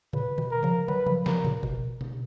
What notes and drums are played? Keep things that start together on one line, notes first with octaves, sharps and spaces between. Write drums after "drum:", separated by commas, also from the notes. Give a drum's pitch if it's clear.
A#2 C#3 B4
B2 D#3
A#4
C#3 F3
D#3 F#3 B4
C#3 F3
C#3 F3 A#4, drum: snare
A#2 C#3
B2, drum: kick
drum: tom B2